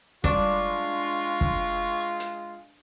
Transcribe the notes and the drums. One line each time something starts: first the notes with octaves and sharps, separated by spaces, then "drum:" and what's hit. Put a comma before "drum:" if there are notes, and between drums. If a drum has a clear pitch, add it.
G#3 D4 F4 C#6, drum: kick
drum: kick
drum: hi-hat